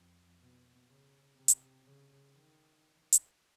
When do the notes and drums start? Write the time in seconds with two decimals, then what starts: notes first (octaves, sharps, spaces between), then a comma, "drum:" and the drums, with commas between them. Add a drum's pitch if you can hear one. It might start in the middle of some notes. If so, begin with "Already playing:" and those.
Already playing: F2
0.41 B2
0.88 C#3
1.35 C3
1.48 drum: hi-hat
1.83 C#3
2.32 D#3
3.13 drum: hi-hat